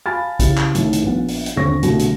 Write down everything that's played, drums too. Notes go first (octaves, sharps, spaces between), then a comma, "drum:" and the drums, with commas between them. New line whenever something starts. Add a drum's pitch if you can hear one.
F5 G#5 A5 B5 F6 A6
C#3 E3 G4, drum: kick, hi-hat
drum: clap
C2 A2 D#3, drum: hi-hat
drum: hi-hat
A#1 B3 F#5
drum: open hi-hat
drum: hi-hat
D#1 D3 C4 C#5 C#6 A#6
C2 B2 D3 A3, drum: hi-hat
drum: hi-hat